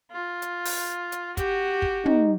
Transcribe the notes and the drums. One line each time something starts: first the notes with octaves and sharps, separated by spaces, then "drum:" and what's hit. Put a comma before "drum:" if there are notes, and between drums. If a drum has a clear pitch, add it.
F4
drum: hi-hat
drum: open hi-hat
drum: hi-hat
F#4 G4, drum: kick, hi-hat
drum: kick
D#4, drum: tom